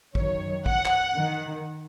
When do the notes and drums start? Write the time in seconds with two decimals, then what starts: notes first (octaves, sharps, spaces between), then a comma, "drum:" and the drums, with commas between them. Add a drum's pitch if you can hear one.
0.15 F#2 D#3 F#3 C#5, drum: kick
0.66 F#5, drum: kick
0.85 drum: clap
1.15 D#3